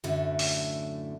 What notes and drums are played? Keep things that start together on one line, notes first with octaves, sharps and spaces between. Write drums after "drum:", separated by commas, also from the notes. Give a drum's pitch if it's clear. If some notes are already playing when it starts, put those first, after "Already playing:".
F#2 A2 D3 A3
drum: open hi-hat